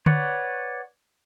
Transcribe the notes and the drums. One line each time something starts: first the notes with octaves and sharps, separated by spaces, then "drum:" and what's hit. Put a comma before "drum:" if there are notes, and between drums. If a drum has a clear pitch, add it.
B4 C#5 D5 F#5, drum: tom D3